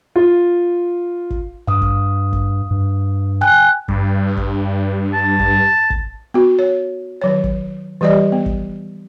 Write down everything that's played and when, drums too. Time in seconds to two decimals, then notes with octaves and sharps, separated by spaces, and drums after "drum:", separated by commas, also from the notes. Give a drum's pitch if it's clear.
0.16 F4
1.31 drum: kick
1.67 G2 F5 D#6
1.82 drum: kick
2.33 drum: kick
2.71 G2
3.41 G5 G#5 F#6
3.88 G2, drum: kick
4.37 drum: kick
5.14 A5
5.39 drum: kick
5.90 drum: kick
6.34 B3 F#4
6.59 C#5
7.21 D#3 F#3 C#5
7.44 drum: kick
8.01 E3 G3 G4 D5 D#5
8.32 B3
8.46 drum: kick